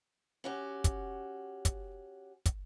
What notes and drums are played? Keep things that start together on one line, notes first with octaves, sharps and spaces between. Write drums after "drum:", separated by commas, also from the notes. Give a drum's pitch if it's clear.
C#4 F#4 G4
drum: kick, hi-hat
drum: kick, hi-hat
drum: kick, hi-hat